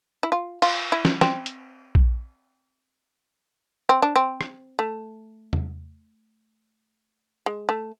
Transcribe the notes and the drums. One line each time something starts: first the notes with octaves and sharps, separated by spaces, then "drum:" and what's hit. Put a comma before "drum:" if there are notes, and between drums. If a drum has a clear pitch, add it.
E4
F4
F4, drum: cymbal
E4
drum: snare
C4, drum: snare
drum: hi-hat
drum: kick A#1
C4
D4
C4
drum: rim click
A3
drum: tom E2
G#3
A3